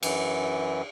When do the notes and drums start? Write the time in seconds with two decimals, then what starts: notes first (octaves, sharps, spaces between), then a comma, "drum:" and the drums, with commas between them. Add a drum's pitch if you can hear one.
0.03 F#2 E3, drum: cymbal